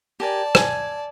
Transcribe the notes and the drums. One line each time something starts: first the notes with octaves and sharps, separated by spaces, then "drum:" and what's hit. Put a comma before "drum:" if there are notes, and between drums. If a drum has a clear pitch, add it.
G4 A#4 D5 G#5 A5
G#5, drum: rim click